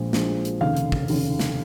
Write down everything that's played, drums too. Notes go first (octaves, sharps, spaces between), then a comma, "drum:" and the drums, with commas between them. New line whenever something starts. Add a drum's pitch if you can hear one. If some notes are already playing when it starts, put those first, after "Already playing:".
Already playing: A#1 A#2 F3 G#3
A#1 A#2 F3 G#3, drum: snare
drum: hi-hat
F1 D#2 C#3 F5
drum: hi-hat
drum: kick
F1 D#2 C#3, drum: open hi-hat
drum: snare